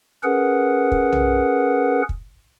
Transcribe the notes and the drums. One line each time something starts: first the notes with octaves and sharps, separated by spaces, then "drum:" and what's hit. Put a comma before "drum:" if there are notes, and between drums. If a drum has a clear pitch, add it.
C#4 G#4 A#4 B4 F#5
drum: kick
drum: tom B1
drum: kick